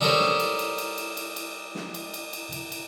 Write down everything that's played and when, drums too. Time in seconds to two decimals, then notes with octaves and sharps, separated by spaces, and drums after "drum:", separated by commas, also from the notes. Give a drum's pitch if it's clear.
0.01 G3 D#4 A4 A#4 C5 C#5
0.20 drum: snare
0.39 drum: cymbal
0.59 drum: cymbal
0.78 drum: cymbal
0.98 drum: cymbal
1.17 drum: cymbal
1.36 drum: cymbal
1.75 drum: snare
1.94 drum: cymbal
2.14 drum: cymbal
2.33 drum: cymbal
2.52 drum: cymbal
2.72 drum: cymbal